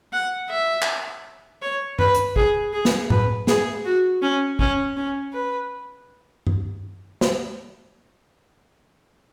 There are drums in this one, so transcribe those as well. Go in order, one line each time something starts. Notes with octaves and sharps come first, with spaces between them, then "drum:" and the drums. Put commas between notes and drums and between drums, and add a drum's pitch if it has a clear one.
F#5
E5
drum: clap
C#5
B4, drum: tom G2
drum: hi-hat
G#4, drum: kick A1
G#4
drum: snare
B4, drum: tom A2
G#4, drum: snare
F#4
C#4
C#4, drum: kick A1
C#4
B4
drum: tom G2
drum: snare